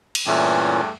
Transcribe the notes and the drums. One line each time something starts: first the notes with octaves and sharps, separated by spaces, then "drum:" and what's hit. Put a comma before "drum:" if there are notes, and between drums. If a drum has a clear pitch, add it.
drum: cymbal
E2 G2 A#2 E3 A3 C#4